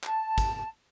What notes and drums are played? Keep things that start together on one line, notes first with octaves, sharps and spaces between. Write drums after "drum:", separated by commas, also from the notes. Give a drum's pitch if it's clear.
A5, drum: clap
drum: kick, hi-hat